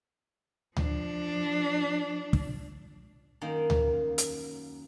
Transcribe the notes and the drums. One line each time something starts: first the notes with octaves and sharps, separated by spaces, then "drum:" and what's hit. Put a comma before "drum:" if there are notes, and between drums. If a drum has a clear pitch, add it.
F3 D4, drum: tom D2
drum: kick
F#2 D#3 A#3 D#4
drum: tom D2
drum: hi-hat